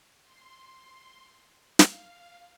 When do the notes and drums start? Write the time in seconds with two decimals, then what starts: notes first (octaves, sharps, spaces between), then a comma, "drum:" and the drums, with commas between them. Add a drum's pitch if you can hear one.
0.23 C6
1.79 F5, drum: snare